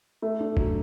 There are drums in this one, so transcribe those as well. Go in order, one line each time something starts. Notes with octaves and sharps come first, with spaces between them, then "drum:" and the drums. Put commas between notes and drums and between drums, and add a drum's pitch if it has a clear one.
A3
D4
F#3, drum: kick